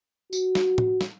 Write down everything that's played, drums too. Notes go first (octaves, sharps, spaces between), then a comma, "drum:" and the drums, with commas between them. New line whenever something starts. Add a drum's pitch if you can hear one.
F#4, drum: tambourine
drum: snare
drum: tom
drum: snare